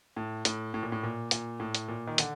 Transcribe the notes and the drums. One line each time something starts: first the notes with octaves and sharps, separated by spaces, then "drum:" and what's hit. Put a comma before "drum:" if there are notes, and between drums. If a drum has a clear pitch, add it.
A2
A2, drum: hi-hat
A2
A#2
A2
A#2
A#2, drum: hi-hat
A2
drum: hi-hat
A#2
D#3
D3, drum: hi-hat